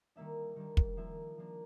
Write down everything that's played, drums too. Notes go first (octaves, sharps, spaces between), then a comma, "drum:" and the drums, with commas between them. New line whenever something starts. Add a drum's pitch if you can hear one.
D#3 G3 A#3 D4 E5
D#3 G3 A#3 D4
drum: kick
F3 A#3 D4 E5
F3 A#3 D4